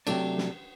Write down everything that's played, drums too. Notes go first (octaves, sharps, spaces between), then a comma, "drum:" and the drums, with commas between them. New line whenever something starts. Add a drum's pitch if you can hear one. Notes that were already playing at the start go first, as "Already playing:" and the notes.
C3 F#3 A3 D4, drum: cymbal
drum: snare